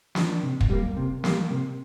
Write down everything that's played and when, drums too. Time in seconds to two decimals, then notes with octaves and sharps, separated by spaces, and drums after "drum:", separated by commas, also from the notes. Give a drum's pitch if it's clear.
0.15 F3 D4, drum: snare
0.43 C3
0.61 drum: kick
0.70 G3 A#3
0.97 C3
1.24 G3 A#3, drum: snare
1.50 C3